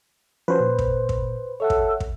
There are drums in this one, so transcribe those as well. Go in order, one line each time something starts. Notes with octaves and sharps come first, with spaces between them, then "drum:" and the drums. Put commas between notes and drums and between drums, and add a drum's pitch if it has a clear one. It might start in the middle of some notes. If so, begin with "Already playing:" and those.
F3 C#4 F#4 B4 C5
A#2
drum: kick
drum: kick
A4 C#5 E5 F#5
drum: kick
drum: kick